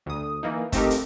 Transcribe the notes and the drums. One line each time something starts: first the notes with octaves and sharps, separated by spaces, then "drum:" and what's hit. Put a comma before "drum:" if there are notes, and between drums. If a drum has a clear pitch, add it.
D2 D#6
E3 A#3 D#4
A3 C4 D#4 G4 A#4, drum: kick, hi-hat
drum: hi-hat